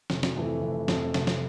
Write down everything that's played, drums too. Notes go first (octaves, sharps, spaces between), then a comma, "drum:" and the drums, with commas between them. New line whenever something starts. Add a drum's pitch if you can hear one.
F1, drum: snare
drum: snare
F2 E3 A3
F1
F2 E3 A3, drum: snare
F1, drum: snare
drum: snare